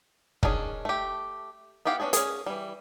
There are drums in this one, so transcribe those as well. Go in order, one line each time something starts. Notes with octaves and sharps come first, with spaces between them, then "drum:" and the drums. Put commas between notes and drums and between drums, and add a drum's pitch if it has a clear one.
D#3 C#4 D4 E4 G#4, drum: kick
A3 G4
B3 E4 G4 F5 F#5
B3 C#4 D4 F#4 G#4
C#4 G#4, drum: hi-hat
E3 G3